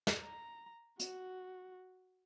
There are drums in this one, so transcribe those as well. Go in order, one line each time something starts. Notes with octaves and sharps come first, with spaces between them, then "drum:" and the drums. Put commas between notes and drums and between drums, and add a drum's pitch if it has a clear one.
drum: snare
A#5
F#4, drum: hi-hat